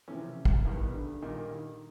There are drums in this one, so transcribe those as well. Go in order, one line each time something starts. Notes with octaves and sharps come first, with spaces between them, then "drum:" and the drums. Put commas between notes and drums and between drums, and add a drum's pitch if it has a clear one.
C3 E3 F3 A3 C#4
drum: kick
C2 B2 D#3 G3 B3
D3
A#2 D#3 G3 A#3 D#4
D#3